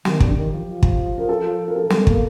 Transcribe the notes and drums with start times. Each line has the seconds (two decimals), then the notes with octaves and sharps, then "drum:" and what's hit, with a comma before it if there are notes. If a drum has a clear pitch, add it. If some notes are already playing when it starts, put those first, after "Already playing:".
0.05 D#3 G4, drum: snare
0.20 D3, drum: kick
0.33 F3
0.37 D#3
0.52 F3
0.68 F3
0.83 drum: kick
1.18 A#4
1.29 A4
1.68 A#4
1.76 A4
1.83 A#4
1.90 G3 A4, drum: snare
2.07 A#3, drum: kick